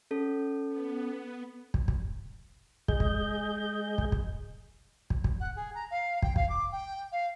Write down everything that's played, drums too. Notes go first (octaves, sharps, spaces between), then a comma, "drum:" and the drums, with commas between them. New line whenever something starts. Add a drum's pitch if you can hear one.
C#4 A4
B3
drum: kick
drum: kick
G#3 G#4 D#5 G6, drum: kick
drum: kick
drum: kick
drum: kick
drum: kick
drum: kick
F#5
G#4
A#5
F5
G5, drum: kick
F5, drum: kick
D6
G5
F5